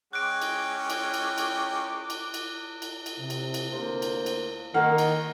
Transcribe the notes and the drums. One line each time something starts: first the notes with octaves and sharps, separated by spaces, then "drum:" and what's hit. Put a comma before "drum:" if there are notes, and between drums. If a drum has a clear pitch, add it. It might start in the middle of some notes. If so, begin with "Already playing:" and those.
G#3 C#4 G5 D6 F#6 D7
drum: cymbal
drum: cymbal
drum: cymbal
drum: cymbal
drum: cymbal
drum: cymbal
drum: cymbal
drum: cymbal
C3
drum: cymbal
drum: cymbal
D2 A#3 C5
drum: cymbal
drum: cymbal
D#3 A#3 F#5 F6
drum: cymbal